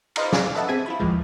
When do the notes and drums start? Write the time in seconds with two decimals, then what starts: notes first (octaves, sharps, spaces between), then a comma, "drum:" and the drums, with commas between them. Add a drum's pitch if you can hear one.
0.16 B4 C5 D#5 F5 A#5 F6, drum: cymbal
0.33 G#4 D5 F5, drum: snare
0.54 A4 B4 D#5 E5 F#5 A5
0.68 C4 G#4 G#6 B6 D#7
0.86 E4 F4 B5
1.00 A1 D#2 A2 E3 F3 G#3